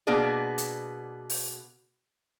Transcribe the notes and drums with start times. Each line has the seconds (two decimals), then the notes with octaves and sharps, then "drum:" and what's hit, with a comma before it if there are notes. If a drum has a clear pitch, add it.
0.07 B2 A#3 B3 D4 G#4 D5
0.58 drum: hi-hat
1.30 drum: open hi-hat